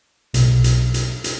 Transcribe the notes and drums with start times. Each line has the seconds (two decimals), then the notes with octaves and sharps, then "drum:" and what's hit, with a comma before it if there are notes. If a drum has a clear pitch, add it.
0.34 B1, drum: hi-hat
0.64 drum: hi-hat
0.94 drum: hi-hat
1.24 drum: hi-hat